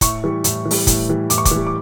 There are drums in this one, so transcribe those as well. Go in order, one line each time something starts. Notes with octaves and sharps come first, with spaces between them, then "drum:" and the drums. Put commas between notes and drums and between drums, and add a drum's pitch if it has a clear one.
A2 C#6, drum: kick, hi-hat
E3 G3
A2, drum: hi-hat
E3
G3, drum: open hi-hat
A2, drum: kick, hi-hat
E3 G3
A2 D6, drum: hi-hat
C#6
D6, drum: kick, hi-hat
E3 G3
D6